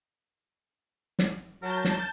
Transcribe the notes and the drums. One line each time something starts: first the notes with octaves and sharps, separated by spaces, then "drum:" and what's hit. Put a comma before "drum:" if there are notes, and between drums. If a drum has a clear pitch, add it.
drum: snare
F#3 A#4 A5 G6
drum: snare